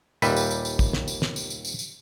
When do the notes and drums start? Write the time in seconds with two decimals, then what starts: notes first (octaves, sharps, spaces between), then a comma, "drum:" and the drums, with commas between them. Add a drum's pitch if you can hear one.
0.22 D#2 A#2 G3 G4 B4 E5, drum: tambourine
0.36 drum: tambourine
0.51 drum: tambourine
0.65 drum: tambourine
0.79 drum: kick, tambourine
0.93 drum: snare
1.08 drum: tambourine
1.22 drum: snare
1.36 drum: tambourine
1.50 drum: tambourine
1.65 drum: tambourine
1.79 drum: tambourine